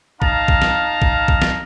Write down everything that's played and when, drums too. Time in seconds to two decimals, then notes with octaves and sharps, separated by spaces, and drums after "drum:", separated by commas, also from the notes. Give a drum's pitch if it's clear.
0.22 D#4 F5 A5 A#5, drum: kick
0.48 drum: kick
0.62 drum: snare
1.02 drum: kick
1.28 drum: kick
1.42 drum: snare